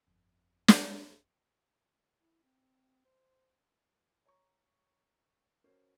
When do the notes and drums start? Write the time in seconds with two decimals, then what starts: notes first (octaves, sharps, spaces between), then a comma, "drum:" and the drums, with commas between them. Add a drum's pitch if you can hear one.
0.07 G1 F2
0.68 drum: snare
2.21 E4
2.43 C4
3.05 C5
4.26 C#5 A#5 C#6
5.64 C#4 F#4 A#4 C5 C#5